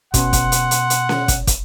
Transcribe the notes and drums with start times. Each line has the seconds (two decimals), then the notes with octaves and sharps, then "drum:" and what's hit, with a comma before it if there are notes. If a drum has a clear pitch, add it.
0.14 B2 C#4 F#5 C6, drum: kick, hi-hat
0.33 drum: kick, hi-hat
0.52 drum: hi-hat
0.71 drum: hi-hat
0.90 drum: hi-hat
1.09 drum: snare C#4
1.28 drum: kick, hi-hat
1.47 drum: kick, hi-hat